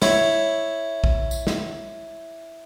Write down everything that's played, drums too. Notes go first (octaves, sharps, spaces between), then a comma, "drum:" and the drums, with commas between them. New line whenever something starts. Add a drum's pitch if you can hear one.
E4 C#5, drum: snare
drum: kick A#1
drum: tambourine
drum: snare